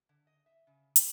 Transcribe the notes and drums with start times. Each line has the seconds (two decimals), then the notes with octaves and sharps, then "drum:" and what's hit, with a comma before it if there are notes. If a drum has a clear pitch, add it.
0.09 D3
0.27 D#5
0.46 E5
0.67 C#3
0.96 G4, drum: hi-hat